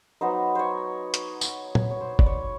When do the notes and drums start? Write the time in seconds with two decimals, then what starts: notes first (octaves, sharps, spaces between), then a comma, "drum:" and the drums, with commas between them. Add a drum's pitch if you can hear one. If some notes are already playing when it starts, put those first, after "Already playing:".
0.21 F#3 B3 D#4 C5
0.55 C5 C#5
1.14 drum: hi-hat
1.41 drum: tambourine
1.75 C#5, drum: tom A#2
1.91 C#5
2.01 C5
2.19 D5, drum: kick
2.26 C#5